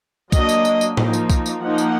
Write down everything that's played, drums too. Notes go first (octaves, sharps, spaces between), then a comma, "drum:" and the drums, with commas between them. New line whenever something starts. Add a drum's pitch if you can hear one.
F#3 A#3 D4 D#5, drum: kick, tambourine
drum: tambourine
drum: tambourine
drum: tambourine
F3 A#3 D#4, drum: tom A2
drum: tambourine
drum: kick, tambourine
drum: tambourine
F3 A#3 D#4 F#5
drum: tambourine